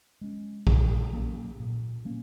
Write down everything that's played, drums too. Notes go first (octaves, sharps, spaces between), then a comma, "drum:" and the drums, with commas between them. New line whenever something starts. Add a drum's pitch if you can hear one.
G#3 C#4
A#2, drum: kick A#1
F#3 A#3 C#4
A#2
F#3 A#3 C#4